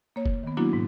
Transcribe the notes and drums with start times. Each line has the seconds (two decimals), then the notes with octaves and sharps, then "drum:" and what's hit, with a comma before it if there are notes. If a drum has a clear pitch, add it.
0.16 A#3 C#5
0.26 drum: kick
0.43 D#3 B3
0.57 F#3 A#3 B3 D4 E4 F#4
0.73 G#2 B2